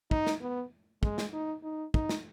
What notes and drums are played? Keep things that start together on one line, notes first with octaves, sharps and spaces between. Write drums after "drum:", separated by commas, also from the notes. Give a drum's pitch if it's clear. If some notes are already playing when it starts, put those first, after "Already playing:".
D#4, drum: kick
drum: snare
B3
G#3, drum: kick
drum: snare
D#4
D#4
D#4, drum: kick
drum: snare